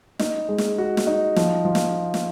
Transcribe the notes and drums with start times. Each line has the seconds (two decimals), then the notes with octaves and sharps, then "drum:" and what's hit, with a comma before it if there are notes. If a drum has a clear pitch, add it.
0.19 D#4, drum: snare
0.49 G#3
0.58 drum: snare
0.78 F#4
0.97 drum: snare
1.07 D#4
1.36 F3, drum: snare
1.65 F3
1.75 drum: snare
2.14 drum: snare